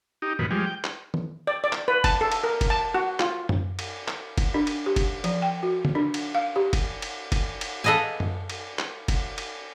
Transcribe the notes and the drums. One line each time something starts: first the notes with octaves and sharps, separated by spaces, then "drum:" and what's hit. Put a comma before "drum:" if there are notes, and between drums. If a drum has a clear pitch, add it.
D#4 G4
F#2 A#2 D#3 B4
F3 G3 G#3
G5
drum: clap
drum: tom D#3
D5
D5
drum: clap
B4
A5, drum: kick F1, cymbal
A4
drum: cymbal
A#4
drum: kick F1, cymbal
A5
F#4
F4, drum: clap
drum: tom F#2
drum: cymbal
drum: clap
drum: kick F1, cymbal
D4
drum: cymbal
G4
drum: kick F1, cymbal
F3, drum: cymbal
G5
F#4
drum: tom C#3
D4
drum: cymbal
F5
G4
drum: kick F1, cymbal
drum: cymbal
drum: kick F1, cymbal
drum: cymbal
A4 B4 D#5 F5 G#5
drum: tom F#2
drum: cymbal
drum: clap
drum: kick F1, cymbal
drum: cymbal